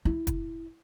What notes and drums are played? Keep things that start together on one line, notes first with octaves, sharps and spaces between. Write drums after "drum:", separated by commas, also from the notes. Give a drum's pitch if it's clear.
E4
drum: kick, hi-hat